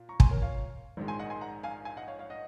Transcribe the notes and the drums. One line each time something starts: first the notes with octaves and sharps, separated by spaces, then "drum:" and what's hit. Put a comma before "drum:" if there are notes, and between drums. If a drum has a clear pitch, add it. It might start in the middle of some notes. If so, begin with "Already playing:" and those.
Already playing: A#2
A#5 C#6
G#5 C6, drum: kick
A#4 C#5
C#5 F5
A#1 G#2 D#3 G#3
G#5 C6
D#5 F#5
G#5 C6
F#5 A#5
F5 G#5
F5 G#5
D#5 F#5
C#5 F5
C#5 F5
D#5 F#5